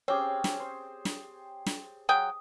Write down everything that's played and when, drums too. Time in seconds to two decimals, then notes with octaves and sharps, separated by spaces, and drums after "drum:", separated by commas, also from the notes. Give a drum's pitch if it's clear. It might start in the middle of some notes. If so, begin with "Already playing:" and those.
0.08 C4 C#4 G4 G#4 C#5 D6
0.44 drum: snare
0.59 C5
1.05 drum: snare
1.66 drum: snare
2.09 F#3 G#4 G5 D#6